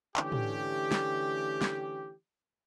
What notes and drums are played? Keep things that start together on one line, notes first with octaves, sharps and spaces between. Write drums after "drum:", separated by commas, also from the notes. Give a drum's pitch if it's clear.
D3 E3 A3 C#4 G4, drum: clap
drum: tom
drum: snare
drum: snare